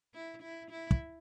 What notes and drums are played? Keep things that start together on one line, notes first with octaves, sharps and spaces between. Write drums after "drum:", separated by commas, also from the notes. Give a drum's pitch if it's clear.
E4
E4
E4
drum: kick